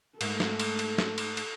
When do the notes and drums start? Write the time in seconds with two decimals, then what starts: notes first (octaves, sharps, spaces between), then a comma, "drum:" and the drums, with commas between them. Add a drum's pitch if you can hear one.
0.21 G#2 A3 A#3 A4, drum: cymbal
0.40 drum: snare
0.60 drum: cymbal
0.79 drum: cymbal
0.98 drum: snare
1.18 drum: cymbal
1.37 drum: cymbal